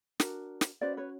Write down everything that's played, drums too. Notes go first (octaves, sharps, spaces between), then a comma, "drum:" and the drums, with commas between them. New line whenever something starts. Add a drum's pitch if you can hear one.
D4 F#4 A#4, drum: snare
drum: snare
C#4 F#4 B4 C5 D5
B4 C#5